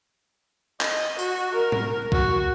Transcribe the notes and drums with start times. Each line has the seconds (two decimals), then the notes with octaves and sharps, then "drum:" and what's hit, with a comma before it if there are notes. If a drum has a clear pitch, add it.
0.81 D#5, drum: clap
1.19 F#4, drum: tambourine
1.54 A#4
1.72 drum: tom
2.12 F#4, drum: kick B1